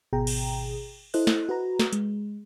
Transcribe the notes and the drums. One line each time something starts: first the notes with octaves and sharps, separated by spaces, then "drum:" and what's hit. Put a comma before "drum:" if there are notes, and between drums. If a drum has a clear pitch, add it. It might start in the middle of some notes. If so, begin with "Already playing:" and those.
G#1 B2 G#4 G5 A#5
drum: cymbal
E4 A4 C5 D#5 F#6, drum: open hi-hat
drum: snare
F#4 B4 A#5
drum: snare
G#3, drum: hi-hat